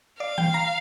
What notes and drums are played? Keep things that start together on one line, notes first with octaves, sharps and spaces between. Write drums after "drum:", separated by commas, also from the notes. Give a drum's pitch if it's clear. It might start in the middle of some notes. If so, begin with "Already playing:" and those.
D5 F5
G5, drum: tom E3
A#5